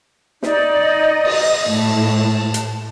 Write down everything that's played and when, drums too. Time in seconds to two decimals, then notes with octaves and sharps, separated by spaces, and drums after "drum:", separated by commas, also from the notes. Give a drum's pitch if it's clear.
0.43 D#4 D5, drum: snare
0.78 D#5
1.25 drum: cymbal
1.71 A2 A5
2.54 drum: hi-hat